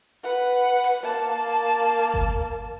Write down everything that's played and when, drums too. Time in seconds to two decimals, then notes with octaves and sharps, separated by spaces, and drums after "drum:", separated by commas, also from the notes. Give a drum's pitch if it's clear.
0.23 B4 F#5
0.84 drum: hi-hat
1.03 A#3 A5
2.14 drum: kick G1